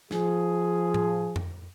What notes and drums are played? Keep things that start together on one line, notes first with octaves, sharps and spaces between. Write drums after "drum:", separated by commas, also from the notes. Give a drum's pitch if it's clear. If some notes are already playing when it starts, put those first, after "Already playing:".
F3 G#4, drum: snare
drum: tom A2
drum: tom F2